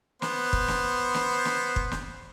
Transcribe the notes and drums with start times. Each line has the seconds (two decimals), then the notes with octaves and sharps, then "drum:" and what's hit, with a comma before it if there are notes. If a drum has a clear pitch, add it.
0.22 B3 C5, drum: snare
0.53 drum: kick
0.68 drum: snare
1.14 drum: snare
1.45 drum: snare
1.76 drum: kick
1.92 drum: snare